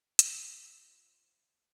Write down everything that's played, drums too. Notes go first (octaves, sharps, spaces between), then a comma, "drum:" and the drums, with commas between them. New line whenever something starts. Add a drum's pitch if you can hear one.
F4 C5, drum: hi-hat